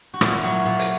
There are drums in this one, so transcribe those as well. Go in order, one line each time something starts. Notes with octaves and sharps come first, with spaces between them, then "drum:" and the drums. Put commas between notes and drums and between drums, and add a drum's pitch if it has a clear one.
F#4
A#2 E4, drum: rim click
F#3 F#4
A#2
drum: hi-hat